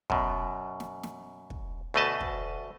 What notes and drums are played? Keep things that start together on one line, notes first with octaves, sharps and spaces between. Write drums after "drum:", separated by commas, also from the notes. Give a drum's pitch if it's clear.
F#2 B2, drum: kick
drum: snare
drum: snare
drum: kick
D2 B2 A3 B4 D#5 A5
drum: kick